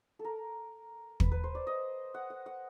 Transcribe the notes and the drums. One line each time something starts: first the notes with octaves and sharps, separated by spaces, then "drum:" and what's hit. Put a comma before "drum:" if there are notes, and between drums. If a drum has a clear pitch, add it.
A4
A#4
B4, drum: kick
B4
C5
D5
D#5
F#5
F#5
F#5